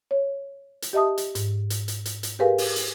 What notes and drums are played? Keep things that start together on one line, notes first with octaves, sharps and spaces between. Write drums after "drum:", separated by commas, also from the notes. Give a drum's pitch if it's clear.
C#5
drum: hi-hat
G4 D#5 E5 A5 D#6
drum: hi-hat
G#2, drum: hi-hat
drum: hi-hat
drum: hi-hat
drum: hi-hat
drum: hi-hat
G4 G#4 A#4 B4 F5 G#5
drum: open hi-hat
drum: hi-hat